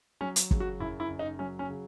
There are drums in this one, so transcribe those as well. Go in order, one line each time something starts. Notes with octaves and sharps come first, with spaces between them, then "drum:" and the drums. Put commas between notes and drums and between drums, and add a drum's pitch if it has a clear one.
F#3 C#4
drum: hi-hat
C#3, drum: kick
F#4
F#2 E4
E4
F#1
D#4
F#3 C#4
C#4
C#3